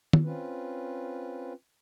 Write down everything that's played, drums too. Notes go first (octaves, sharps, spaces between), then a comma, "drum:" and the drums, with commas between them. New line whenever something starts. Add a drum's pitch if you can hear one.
drum: tom
C4 C#4 F4 B4